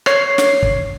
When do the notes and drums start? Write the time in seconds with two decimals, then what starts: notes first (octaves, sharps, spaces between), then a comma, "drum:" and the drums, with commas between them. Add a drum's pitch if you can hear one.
0.06 C#5 C7, drum: rim click
0.38 drum: snare
0.63 drum: kick